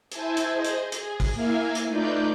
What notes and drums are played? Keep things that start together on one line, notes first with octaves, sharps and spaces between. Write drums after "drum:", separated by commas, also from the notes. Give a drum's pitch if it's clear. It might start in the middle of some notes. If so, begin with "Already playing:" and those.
E4 C5 E5 G#5 A5, drum: hi-hat
drum: hi-hat
G#4 C5 D#5
drum: hi-hat
G#4, drum: hi-hat
drum: kick, open hi-hat
A#3 E4 E5 F5 G#5
drum: hi-hat
A3 D#4 F4 B4 D5 G6